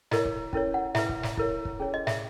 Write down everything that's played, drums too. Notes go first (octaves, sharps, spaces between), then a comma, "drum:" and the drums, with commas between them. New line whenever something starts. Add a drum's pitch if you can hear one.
E4 A#4 C#5 D#5, drum: snare
drum: kick
C#4 E4 A#4 C#5, drum: kick
F#5
E4 B4 E5, drum: snare
drum: kick
drum: snare
E4 A#4 C#5, drum: kick
drum: kick
C#4 G#4 C#5
D#5
E5, drum: snare